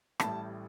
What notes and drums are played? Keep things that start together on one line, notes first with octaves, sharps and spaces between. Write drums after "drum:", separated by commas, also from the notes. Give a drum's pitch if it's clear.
A1 A2 G3 A5, drum: rim click